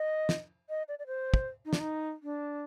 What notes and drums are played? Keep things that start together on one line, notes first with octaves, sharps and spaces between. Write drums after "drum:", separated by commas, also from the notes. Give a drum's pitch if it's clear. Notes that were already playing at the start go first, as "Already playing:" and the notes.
Already playing: D#5
drum: snare
D#5
D5
D5
C5
drum: kick
D#4
D4, drum: snare
D#4
D4